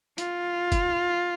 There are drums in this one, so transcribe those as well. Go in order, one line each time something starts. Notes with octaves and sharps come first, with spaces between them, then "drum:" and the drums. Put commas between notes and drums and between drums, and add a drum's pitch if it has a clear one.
F4, drum: hi-hat
drum: kick, hi-hat